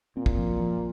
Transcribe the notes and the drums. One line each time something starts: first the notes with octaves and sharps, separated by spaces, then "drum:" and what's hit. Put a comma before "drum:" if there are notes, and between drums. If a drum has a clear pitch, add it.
A#2 C4
drum: kick
F3
F3